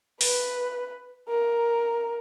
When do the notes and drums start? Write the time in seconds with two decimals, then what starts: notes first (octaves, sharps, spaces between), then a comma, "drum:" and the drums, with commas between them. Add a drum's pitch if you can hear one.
0.21 B4, drum: open hi-hat
1.29 A#4